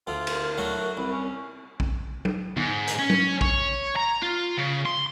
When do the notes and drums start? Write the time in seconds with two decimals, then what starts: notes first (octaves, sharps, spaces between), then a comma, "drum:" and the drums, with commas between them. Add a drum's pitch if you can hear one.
0.07 D2 D3 F4
0.27 A#4, drum: cymbal
0.58 F#3 A3 F#4
0.97 C2 B4
1.12 C#4
1.80 drum: kick
2.25 drum: tom F#3
2.57 G#2, drum: tom D3
2.87 drum: hi-hat
2.99 C#4
3.10 drum: tom F#3
3.41 C#5, drum: kick
3.96 A#5
4.22 F4
4.57 C#3
4.86 C6